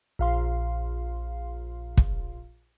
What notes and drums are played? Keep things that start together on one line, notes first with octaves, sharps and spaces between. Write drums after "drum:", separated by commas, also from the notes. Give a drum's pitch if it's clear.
A#1 F5 C6
drum: kick